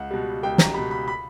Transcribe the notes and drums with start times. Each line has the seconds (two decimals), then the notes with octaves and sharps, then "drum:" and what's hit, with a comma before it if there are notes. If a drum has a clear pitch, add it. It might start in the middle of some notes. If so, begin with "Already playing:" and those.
Already playing: C#2 F#5
0.11 B2 G3
0.43 C#2 G5
0.58 A#5, drum: snare
0.74 B2 G3 B5
0.91 B5
1.08 B5